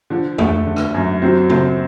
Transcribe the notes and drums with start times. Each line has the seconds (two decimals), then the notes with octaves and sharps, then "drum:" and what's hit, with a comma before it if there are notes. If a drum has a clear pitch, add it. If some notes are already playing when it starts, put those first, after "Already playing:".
0.10 D3 F3
0.38 A3, drum: tom F2
0.67 D3
0.76 drum: rim click
0.94 F#2
1.22 F#3 C4
1.50 C4, drum: tom C#3